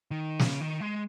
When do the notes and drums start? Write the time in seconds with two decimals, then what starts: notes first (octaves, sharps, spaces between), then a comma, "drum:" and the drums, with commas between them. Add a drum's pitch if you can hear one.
0.11 D#3
0.39 C#3, drum: snare
0.61 D#3
0.81 G#3